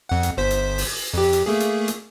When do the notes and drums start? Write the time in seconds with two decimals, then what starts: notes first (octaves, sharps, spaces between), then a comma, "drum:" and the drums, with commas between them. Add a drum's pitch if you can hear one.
0.09 F2 F#5
0.23 drum: hi-hat
0.37 G1 C5 B6
0.51 drum: hi-hat
0.78 drum: open hi-hat
1.13 F2 G4
1.33 drum: hi-hat
1.46 A3 A#3 G#4
1.60 drum: hi-hat
1.88 drum: hi-hat